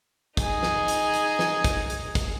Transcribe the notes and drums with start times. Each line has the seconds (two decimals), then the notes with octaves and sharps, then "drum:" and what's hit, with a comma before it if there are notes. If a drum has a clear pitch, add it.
0.37 D#4 G#4, drum: kick, hi-hat
0.63 drum: snare
0.88 drum: hi-hat
1.14 drum: hi-hat
1.39 drum: snare
1.64 drum: kick, hi-hat
1.90 drum: hi-hat
2.15 drum: kick, hi-hat